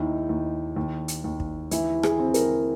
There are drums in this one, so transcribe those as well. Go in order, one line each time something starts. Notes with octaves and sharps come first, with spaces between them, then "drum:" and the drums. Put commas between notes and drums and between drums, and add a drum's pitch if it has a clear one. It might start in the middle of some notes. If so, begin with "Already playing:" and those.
Already playing: D#2 D#3 D#4 E4
D#2
D#2
drum: hi-hat
D#2
drum: kick
E3 E4, drum: hi-hat
G#4, drum: rim click
C4
A#4, drum: hi-hat